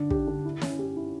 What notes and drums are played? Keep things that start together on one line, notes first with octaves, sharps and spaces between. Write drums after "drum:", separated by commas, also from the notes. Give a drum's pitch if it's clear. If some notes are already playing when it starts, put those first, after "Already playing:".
Already playing: D3 D4
G4, drum: kick
D3
E4
C#4, drum: snare
G4
E4